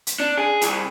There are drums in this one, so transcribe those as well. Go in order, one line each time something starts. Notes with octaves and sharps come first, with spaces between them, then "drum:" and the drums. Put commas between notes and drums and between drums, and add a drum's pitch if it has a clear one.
drum: hi-hat
D4
G#4
C2, drum: hi-hat